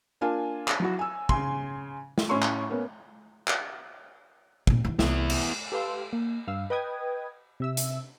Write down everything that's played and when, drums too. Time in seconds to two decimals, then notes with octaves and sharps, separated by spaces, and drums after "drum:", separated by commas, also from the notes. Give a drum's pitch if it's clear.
0.21 A#3 D4 F4 G#5
0.68 drum: clap
0.80 F#3 E4 F#4
0.99 G#5 E6
1.29 C#3 G#5 C6, drum: kick
2.18 drum: snare
2.29 A2 C#4 E4 C#5 C6 C#6
2.42 drum: clap
2.70 A#3 B3 C#4
3.48 drum: clap
4.67 F2 A#2, drum: kick
4.84 E3 E4
4.99 C2 B3 E4, drum: snare
5.30 drum: cymbal
5.72 G4 A4 B4 F5 C6 E6
6.13 A#3
6.47 G2 F5 E6
6.70 B4 D#5 G5 D#6 G#6
7.60 C3 E5 E6
7.77 drum: hi-hat